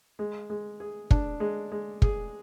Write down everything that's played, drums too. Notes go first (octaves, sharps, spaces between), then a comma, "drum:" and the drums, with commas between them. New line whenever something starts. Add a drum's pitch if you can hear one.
G#3
G#3
G#4
D4, drum: kick
G#3
G#3
G#4, drum: kick